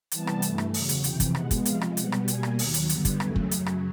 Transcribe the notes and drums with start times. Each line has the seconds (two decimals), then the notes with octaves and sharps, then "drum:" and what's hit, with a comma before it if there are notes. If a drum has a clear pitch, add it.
0.12 C3 E3 G3 B3 A5, drum: hi-hat
0.27 drum: rim click
0.42 G2 E3 A3, drum: hi-hat
0.58 drum: rim click
0.74 E2 C#3 F#3, drum: open hi-hat
0.89 drum: hi-hat
1.04 F2 C3 E3 G5, drum: hi-hat
1.20 drum: kick, hi-hat
1.35 B2 G#3 B3 F#5, drum: rim click
1.51 drum: kick, hi-hat
1.65 C3 F3 G#3 F5, drum: hi-hat
1.81 drum: rim click
1.97 B2 G3 B3 F#5, drum: hi-hat
2.12 drum: rim click
2.28 B2 G3 A#3 G#5, drum: hi-hat
2.43 drum: rim click
2.59 D#2 D#3 F#3, drum: open hi-hat
2.74 drum: hi-hat
2.89 G2 D3 G3 B3, drum: hi-hat
3.05 drum: kick, hi-hat
3.20 D#2 C#3 F#3 A3 G#5, drum: rim click
3.36 drum: kick
3.51 F#2 C#3 F#3, drum: hi-hat
3.66 drum: rim click